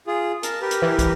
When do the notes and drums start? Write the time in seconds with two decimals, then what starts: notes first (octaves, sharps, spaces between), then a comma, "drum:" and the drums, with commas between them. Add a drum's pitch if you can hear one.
0.07 F4 G#4
0.43 A#4 A5, drum: hi-hat
0.61 G4 A#4 B4
0.71 drum: hi-hat
0.82 E3
0.99 drum: kick, hi-hat